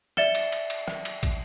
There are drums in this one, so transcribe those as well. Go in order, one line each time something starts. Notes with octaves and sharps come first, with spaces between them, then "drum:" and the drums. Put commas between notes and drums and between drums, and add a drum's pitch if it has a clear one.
D5 E5 A6 C#7 E7 G7, drum: rim click
drum: cymbal
drum: cymbal
drum: cymbal
drum: rim click
drum: cymbal
drum: kick, cymbal